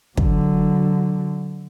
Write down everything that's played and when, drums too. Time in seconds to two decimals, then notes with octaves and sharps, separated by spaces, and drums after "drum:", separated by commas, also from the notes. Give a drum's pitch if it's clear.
0.17 D3 F#3, drum: kick